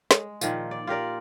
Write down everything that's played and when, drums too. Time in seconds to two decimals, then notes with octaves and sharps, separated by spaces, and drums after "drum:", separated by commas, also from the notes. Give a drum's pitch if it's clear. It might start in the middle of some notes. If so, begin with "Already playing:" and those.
0.11 G#3, drum: snare
0.41 A#2 D#3 F3, drum: tambourine
0.71 D5
0.87 F4 G4 A#4 D5